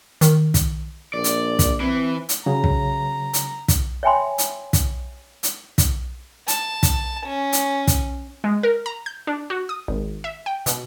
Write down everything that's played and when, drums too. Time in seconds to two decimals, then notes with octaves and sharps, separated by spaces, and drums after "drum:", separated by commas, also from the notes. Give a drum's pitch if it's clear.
0.21 D#3, drum: hi-hat
0.54 drum: kick, hi-hat
1.13 A#1 D5
1.24 drum: hi-hat
1.59 drum: kick, hi-hat
1.80 E3 C4 E4
2.29 drum: hi-hat
2.46 C#3 F#3 A#5
2.64 drum: kick
3.34 drum: hi-hat
3.68 drum: kick, hi-hat
4.03 C#5 E5 G5 G#5 B5 C6
4.38 drum: hi-hat
4.73 drum: kick, hi-hat
5.43 drum: hi-hat
5.78 drum: kick, hi-hat
6.48 A5, drum: hi-hat
6.83 drum: kick, hi-hat
7.26 C#4
7.53 drum: hi-hat
7.87 drum: kick, hi-hat
8.44 G#3
8.63 A#4
8.86 A#5
9.06 G6
9.27 D4
9.50 F#4
9.69 D#6
9.88 G#1
10.24 E5
10.46 G5
10.66 B2, drum: hi-hat